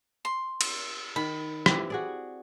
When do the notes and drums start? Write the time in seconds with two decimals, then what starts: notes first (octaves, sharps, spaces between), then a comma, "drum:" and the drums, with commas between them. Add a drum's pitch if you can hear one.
0.25 C6
0.61 drum: cymbal
1.16 D#3 B5
1.66 E3 C4 G4, drum: rim click
1.90 F#4 G#4 D5